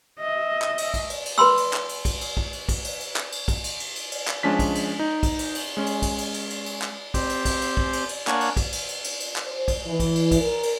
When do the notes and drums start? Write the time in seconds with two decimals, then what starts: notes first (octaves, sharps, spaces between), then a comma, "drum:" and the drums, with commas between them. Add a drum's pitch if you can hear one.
0.20 D#5 E5
0.62 drum: clap
0.78 drum: cymbal
0.94 drum: kick, cymbal
1.10 drum: cymbal
1.26 drum: cymbal
1.38 B4 B5 C6 E6
1.57 drum: cymbal
1.73 drum: clap
1.89 drum: cymbal
2.05 drum: kick, cymbal
2.21 drum: cymbal
2.37 drum: kick
2.53 drum: cymbal
2.69 drum: kick, cymbal
2.84 drum: cymbal
3.00 drum: cymbal
3.16 drum: clap
3.32 drum: cymbal
3.48 drum: kick, cymbal
3.64 drum: cymbal
3.80 drum: cymbal
3.96 drum: cymbal
4.12 drum: cymbal
4.27 drum: clap
4.43 F3 G#3 C#4 D4 B6
4.59 drum: kick, cymbal
4.75 drum: cymbal
4.99 D#4
5.23 drum: kick, cymbal
5.39 drum: cymbal
5.55 drum: cymbal
5.77 G#3 C#4
5.86 drum: cymbal
6.02 drum: kick, cymbal
6.18 drum: cymbal
6.34 drum: cymbal
6.50 drum: cymbal
6.66 drum: cymbal
6.82 drum: clap
7.14 C4 G4, drum: kick, cymbal
7.29 drum: cymbal
7.45 drum: kick, cymbal
7.61 drum: cymbal
7.77 drum: kick
7.93 drum: cymbal
8.09 drum: cymbal
8.27 A#3 D4 C#5 F#5 G#5, drum: clap
8.41 drum: cymbal
8.57 drum: kick, cymbal
8.72 drum: cymbal
8.88 drum: cymbal
9.04 drum: cymbal
9.20 drum: cymbal
9.36 drum: clap
9.45 C5
9.68 drum: kick, cymbal
9.87 E3
10.00 drum: kick, cymbal
10.15 drum: cymbal
10.31 drum: kick, cymbal
10.41 A#4
10.63 drum: cymbal